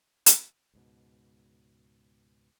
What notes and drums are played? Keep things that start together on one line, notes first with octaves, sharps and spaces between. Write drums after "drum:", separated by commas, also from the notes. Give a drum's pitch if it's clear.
drum: hi-hat
C#2 G#2 B2